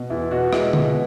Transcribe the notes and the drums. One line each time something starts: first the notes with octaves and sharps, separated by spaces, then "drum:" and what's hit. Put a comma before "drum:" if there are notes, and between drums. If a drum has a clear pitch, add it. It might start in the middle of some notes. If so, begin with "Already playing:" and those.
Already playing: B2
E2 E4
B2 F#4
G#3 E4, drum: rim click
B2, drum: tom D3